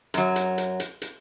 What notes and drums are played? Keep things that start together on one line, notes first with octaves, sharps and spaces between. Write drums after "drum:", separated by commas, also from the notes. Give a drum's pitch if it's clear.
F#2 F#3, drum: hi-hat
drum: hi-hat
drum: hi-hat
drum: hi-hat
drum: hi-hat